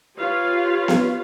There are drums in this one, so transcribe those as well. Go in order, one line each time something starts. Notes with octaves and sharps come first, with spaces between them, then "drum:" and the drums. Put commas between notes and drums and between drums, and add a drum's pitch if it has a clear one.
F4 G4 B4 C#5 F5
drum: snare B3